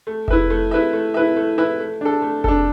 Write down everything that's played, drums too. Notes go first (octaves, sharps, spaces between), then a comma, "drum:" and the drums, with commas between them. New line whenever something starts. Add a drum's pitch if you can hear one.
A3
E4 B4 E5, drum: kick F1
A3
E4 B4 E5
A3
E4 B4 E5
A3
E4 B4 E5
A3
D4 A4
A3
D4 A4, drum: kick F1